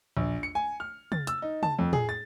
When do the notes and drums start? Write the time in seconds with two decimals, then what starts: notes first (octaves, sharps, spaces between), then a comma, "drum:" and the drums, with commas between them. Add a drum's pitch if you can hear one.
0.17 A#1
0.43 C#7
0.55 G#5
0.80 F6
1.12 A6, drum: tom
1.27 E6, drum: hi-hat
1.42 D#4
1.63 A5, drum: tom
1.79 F2
1.93 G#4, drum: tom
2.09 A6